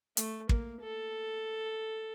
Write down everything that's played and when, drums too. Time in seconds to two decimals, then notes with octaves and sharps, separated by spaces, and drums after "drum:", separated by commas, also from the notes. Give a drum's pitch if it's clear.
0.17 A3, drum: hi-hat
0.49 A#3, drum: kick
0.82 A4